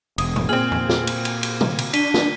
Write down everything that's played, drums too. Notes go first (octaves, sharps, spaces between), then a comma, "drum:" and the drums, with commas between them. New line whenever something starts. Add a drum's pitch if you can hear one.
E1 D#6, drum: cymbal
drum: tom
A#2 C4 G#4 F6 F#7
drum: tom E2
drum: snare
drum: cymbal
drum: cymbal
drum: cymbal
drum: tom
drum: cymbal
D4 B6 D#7 G7, drum: cymbal
drum: snare